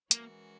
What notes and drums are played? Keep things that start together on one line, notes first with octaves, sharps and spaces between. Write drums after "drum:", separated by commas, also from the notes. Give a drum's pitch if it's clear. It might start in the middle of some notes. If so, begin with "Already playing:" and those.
E3 G#3 A#3 C#4 F#4 A#4, drum: hi-hat